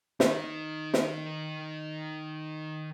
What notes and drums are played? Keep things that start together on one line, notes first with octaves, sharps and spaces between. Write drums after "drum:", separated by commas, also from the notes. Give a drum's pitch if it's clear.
D#3 D#4, drum: snare
drum: snare